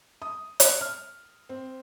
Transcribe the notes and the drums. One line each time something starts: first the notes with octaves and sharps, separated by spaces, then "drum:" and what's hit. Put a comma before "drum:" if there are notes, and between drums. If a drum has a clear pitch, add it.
D#6
drum: hi-hat
F6
C4